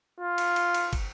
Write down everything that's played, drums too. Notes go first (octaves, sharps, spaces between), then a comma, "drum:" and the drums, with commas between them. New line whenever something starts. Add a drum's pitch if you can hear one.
F4
drum: cymbal
drum: cymbal
drum: cymbal
drum: kick, cymbal